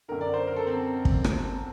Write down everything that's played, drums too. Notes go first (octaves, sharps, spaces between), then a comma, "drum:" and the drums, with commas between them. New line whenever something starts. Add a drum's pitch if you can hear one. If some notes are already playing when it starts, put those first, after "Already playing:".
F#2 D3 A#4
D5
C5
A#4
A4
C4
drum: kick
drum: rim click